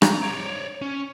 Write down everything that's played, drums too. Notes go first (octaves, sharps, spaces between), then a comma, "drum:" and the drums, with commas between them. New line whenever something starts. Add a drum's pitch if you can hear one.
A#5, drum: rim click
C#5 D5
C#4